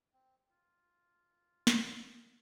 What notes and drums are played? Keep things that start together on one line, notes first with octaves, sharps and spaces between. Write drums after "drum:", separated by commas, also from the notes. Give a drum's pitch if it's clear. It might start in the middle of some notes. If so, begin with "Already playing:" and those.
C4
F4
drum: snare